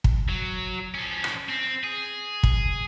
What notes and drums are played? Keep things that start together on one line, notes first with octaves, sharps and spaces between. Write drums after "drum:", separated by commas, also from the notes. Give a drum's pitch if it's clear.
drum: kick
F#3
F3 C#4
drum: rim click
C4
G#4
drum: kick